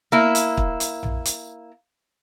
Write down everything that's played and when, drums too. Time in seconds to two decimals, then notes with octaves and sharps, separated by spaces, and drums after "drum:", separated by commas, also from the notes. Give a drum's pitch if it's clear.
0.12 A#3 E4
0.35 drum: hi-hat
0.57 drum: kick
0.80 drum: hi-hat
1.03 drum: tom A#1
1.25 drum: hi-hat